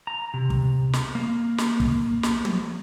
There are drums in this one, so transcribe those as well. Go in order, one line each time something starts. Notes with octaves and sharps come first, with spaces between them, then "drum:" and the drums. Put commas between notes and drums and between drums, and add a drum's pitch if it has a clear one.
A#5
C3
drum: kick
drum: snare
A#3
drum: snare
drum: kick
drum: snare
drum: tom